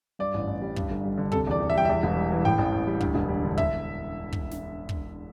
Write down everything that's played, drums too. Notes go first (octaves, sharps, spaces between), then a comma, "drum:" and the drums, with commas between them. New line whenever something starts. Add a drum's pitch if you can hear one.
G2 D5
A1
A1
G3
G2, drum: kick
G1
G3
D3
C3 A4, drum: kick
E2 D5
E2
E5
G3 G5
E2 E5
E1
G3
E3
A2 G5
A1
A1
G3
D2, drum: kick
E1
G3
D3
E5, drum: kick
drum: kick
drum: snare
drum: kick